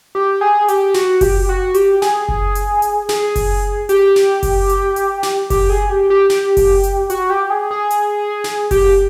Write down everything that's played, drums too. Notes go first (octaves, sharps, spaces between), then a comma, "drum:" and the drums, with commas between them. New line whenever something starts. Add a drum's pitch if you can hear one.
G4
G#4
G4, drum: hi-hat
F#4, drum: snare
G4, drum: kick F#1, open hi-hat
F#4
G4, drum: hi-hat
G#4, drum: snare
drum: kick F#1
drum: hi-hat
drum: hi-hat
G#4, drum: snare
drum: kick F#1, open hi-hat
G4, drum: hi-hat
drum: snare
drum: kick F#1, open hi-hat
drum: hi-hat
drum: hi-hat
drum: snare
G4, drum: kick F#1, open hi-hat
G#4
G4
G4
G4, drum: snare
drum: kick F#1, open hi-hat
drum: hi-hat
F#4, drum: hi-hat
G4
G#4
G#4
drum: hi-hat
drum: snare
G4, drum: kick F#1, open hi-hat